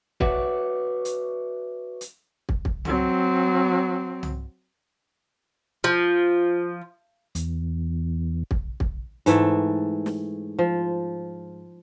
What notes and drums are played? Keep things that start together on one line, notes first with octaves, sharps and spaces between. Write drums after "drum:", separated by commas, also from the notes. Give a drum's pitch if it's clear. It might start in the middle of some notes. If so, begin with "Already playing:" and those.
F#4 B4 C#5 D5 E5 F#5, drum: kick
drum: hi-hat
drum: hi-hat
drum: kick
drum: kick
F#3 C4, drum: tom C2
drum: tom C2
F3
E2, drum: hi-hat
drum: kick
drum: kick
G#2 E3 A3, drum: hi-hat
drum: snare
F3